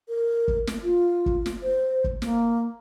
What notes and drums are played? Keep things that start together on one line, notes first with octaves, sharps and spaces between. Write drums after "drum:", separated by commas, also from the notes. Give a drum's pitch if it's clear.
A#4
drum: kick
drum: snare
F4
drum: kick
drum: snare
C5
drum: kick
A#3, drum: snare